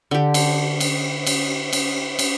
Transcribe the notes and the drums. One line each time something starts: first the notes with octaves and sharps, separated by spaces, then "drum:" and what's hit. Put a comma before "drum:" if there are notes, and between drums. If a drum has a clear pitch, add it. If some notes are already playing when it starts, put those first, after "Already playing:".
D3 G4
drum: cymbal
drum: cymbal
drum: cymbal
drum: cymbal
drum: cymbal